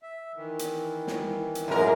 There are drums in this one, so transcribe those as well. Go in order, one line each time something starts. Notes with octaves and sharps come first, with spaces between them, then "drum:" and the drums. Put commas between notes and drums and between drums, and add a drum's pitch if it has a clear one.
E5
D#3 E3
drum: hi-hat
drum: snare
drum: hi-hat
F#2 A2 F3 G#3 A#4